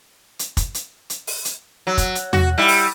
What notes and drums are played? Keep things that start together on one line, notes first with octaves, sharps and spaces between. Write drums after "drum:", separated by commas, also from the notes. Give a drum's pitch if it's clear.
drum: hi-hat
drum: kick, hi-hat
drum: hi-hat
drum: hi-hat
drum: open hi-hat
drum: hi-hat
F#3
drum: kick, hi-hat
drum: hi-hat
F#4, drum: tom E2
G3 E4
drum: open hi-hat